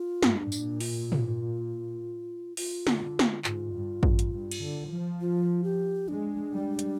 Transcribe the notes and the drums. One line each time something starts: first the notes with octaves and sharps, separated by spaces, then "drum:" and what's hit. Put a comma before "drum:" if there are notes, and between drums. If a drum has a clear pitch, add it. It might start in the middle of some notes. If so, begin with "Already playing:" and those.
Already playing: F4
G2, drum: snare
D4
A#2, drum: tambourine
F4, drum: open hi-hat
drum: tom
F4, drum: open hi-hat
D3, drum: snare
drum: snare
G#2 F4, drum: clap
G2
G2, drum: kick A1
drum: hi-hat
G2
drum: cymbal
D3
F3
F4
G4
G#3 D4
G3
drum: hi-hat